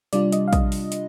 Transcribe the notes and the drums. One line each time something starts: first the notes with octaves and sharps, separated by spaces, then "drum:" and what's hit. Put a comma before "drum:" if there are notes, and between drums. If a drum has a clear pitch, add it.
C3 G3 D4 F4 D5, drum: hi-hat
D#5, drum: hi-hat
F5
D#5, drum: kick A#1, hi-hat
drum: open hi-hat
drum: hi-hat